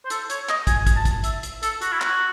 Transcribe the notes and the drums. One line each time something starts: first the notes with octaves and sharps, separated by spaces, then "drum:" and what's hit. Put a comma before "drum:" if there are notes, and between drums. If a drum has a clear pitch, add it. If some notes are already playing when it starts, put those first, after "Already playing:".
C5
A4, drum: hi-hat
C#5, drum: hi-hat
D#5, drum: clap
G#5, drum: kick, hi-hat
drum: kick, hi-hat
A5
drum: kick, hi-hat
E5, drum: hi-hat
drum: hi-hat
A4, drum: hi-hat
F#4, drum: hi-hat
E4
F#4, drum: clap